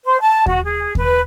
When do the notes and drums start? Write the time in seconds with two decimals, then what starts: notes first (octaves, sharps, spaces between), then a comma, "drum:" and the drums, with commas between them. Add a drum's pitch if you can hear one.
0.03 C5
0.19 A5
0.46 F#4, drum: kick D#2
0.63 G#4
0.95 B4, drum: kick D#2